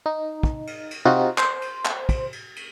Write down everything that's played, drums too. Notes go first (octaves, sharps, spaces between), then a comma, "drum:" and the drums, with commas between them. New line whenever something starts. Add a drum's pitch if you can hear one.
D#4
drum: kick
drum: cymbal
drum: cymbal
C3 C4 D#4 F4 F#4
C5, drum: clap
drum: cymbal
drum: clap
drum: kick, cymbal
drum: cymbal
drum: cymbal